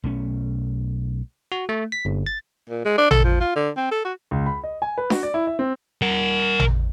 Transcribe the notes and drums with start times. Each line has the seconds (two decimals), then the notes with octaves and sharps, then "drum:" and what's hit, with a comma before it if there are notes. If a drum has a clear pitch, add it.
0.04 B1 A3 C#4
1.52 F#4
1.69 A3
1.92 B6
2.05 G1
2.26 A6
2.69 A#2
2.85 G#3
2.98 D4
3.11 A4, drum: tom A1
3.24 F3
3.41 F4
3.56 D3
3.76 C4
3.91 A4
4.04 F#4
4.31 C#2
4.46 B5
4.64 D#5
4.82 G#5
4.98 B4
5.10 F#4, drum: snare D4
5.23 D5
5.34 E4
5.47 E5
5.59 C4
6.02 A#4 F#5
6.60 drum: tom A1